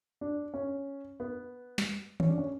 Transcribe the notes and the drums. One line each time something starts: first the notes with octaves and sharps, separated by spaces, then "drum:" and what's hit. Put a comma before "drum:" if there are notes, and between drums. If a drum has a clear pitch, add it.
D4
C#4
B3
drum: snare
C#4, drum: tom
D4
C#4